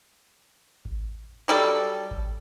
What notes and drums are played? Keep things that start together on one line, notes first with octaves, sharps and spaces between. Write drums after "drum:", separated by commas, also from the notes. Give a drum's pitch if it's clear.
drum: kick G#1
F#3 G3 A4
drum: kick G#1